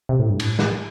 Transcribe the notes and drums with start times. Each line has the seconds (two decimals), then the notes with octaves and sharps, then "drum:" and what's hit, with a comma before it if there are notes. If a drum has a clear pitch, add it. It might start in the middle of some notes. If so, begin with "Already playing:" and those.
0.09 C3
0.19 A2
0.29 G2
0.40 A2, drum: cymbal
0.59 drum: snare